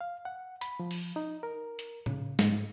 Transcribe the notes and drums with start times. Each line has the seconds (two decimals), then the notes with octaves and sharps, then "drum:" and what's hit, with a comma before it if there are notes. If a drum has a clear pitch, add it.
0.01 F5
0.25 F#5
0.61 B5, drum: hi-hat
0.80 F3
0.91 drum: open hi-hat
1.16 D#4
1.43 A#4
1.79 drum: hi-hat
2.06 C#3, drum: tom A2
2.39 G#2, drum: snare